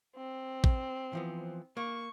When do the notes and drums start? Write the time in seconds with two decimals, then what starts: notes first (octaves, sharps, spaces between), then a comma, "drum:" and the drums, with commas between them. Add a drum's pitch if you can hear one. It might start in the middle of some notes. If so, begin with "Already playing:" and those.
0.16 C4
0.64 drum: kick A1
1.13 E3 F3 B3
1.77 A#3 C#6